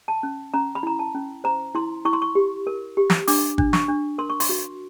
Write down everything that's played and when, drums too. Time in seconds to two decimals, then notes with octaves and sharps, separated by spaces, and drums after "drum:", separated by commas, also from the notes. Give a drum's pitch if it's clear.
0.08 A5
0.23 C#4
0.54 C#4 A#5
0.75 B5
0.83 E4 A#5
0.99 A5
1.14 C#4
1.44 C5 A#5
1.75 E4 C6
2.05 E4 C#6
2.13 C6
2.22 C#6
2.35 G4
2.67 A#4
2.97 G4
3.10 drum: snare
3.28 D4 D6, drum: open hi-hat
3.58 D4, drum: kick
3.73 C#6, drum: snare
3.88 D4
4.18 A#4 C6
4.30 C#6
4.40 C6, drum: open hi-hat
4.49 F#4